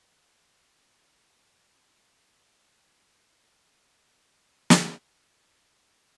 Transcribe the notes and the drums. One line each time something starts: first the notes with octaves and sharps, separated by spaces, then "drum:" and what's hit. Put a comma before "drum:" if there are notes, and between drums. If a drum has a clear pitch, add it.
F5 B5 C6 E6
F4 D6 F#6
G#1 A#2 D#3
F3
A4
G#6
F1 C3 A3 G4 D7 E7
C3 E4 G4 A4 C#5 B6
drum: snare
D#4 G4 G#4 D5 G#5